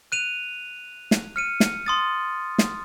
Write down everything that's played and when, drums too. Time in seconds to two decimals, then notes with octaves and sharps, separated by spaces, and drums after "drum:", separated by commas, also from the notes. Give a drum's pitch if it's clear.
0.12 F#6 D#7 F7
1.11 drum: snare
1.36 F6 C#7 D#7
1.60 drum: snare
1.86 C6 D#6 A6
2.58 drum: snare